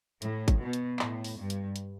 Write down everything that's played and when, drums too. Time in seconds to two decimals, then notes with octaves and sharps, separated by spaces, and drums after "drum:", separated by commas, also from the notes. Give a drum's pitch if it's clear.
0.22 A2, drum: hi-hat
0.48 drum: kick G#1, hi-hat
0.60 B2
0.73 drum: hi-hat
0.99 A2, drum: clap
1.24 drum: open hi-hat
1.38 G2
1.50 drum: hi-hat
1.76 drum: hi-hat